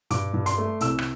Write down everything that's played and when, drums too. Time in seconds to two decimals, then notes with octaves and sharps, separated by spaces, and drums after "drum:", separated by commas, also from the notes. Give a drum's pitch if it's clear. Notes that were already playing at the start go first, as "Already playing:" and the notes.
0.11 G2 D6, drum: hi-hat
0.34 G2
0.46 C6, drum: hi-hat
0.58 A3
0.81 C2 E6, drum: hi-hat
0.99 drum: rim click